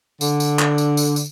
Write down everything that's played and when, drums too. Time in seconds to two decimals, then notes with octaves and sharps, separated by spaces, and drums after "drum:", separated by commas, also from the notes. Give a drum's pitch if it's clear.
0.21 D3, drum: tambourine
0.40 drum: tambourine
0.59 drum: clap
0.78 drum: tambourine
0.97 drum: tambourine
1.16 drum: tambourine